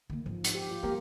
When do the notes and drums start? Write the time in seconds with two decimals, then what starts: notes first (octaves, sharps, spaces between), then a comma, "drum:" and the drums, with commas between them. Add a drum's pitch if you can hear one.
0.10 D#3 A#3
0.26 G#2 F3
0.44 drum: hi-hat
0.55 G4
0.71 F4
0.83 G#3 A#3 G4 A#4